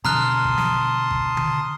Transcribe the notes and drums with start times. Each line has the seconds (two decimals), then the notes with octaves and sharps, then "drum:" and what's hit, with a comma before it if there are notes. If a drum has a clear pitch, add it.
0.05 B2 D3 A5 A#5 C6 D#6 F6 F#6, drum: snare
0.44 drum: kick G#1
0.58 drum: snare
1.11 drum: kick G#1
1.37 drum: tom D3